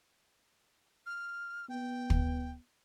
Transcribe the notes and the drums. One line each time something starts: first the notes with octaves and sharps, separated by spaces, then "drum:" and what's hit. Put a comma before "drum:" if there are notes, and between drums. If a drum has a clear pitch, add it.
F6
B3 G5
drum: kick